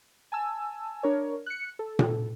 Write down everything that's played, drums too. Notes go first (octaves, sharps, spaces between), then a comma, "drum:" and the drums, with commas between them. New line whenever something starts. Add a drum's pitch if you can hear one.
G#5 A5 E6
D4 A#4 C#5
F#6 C#7
A4
drum: tom A#2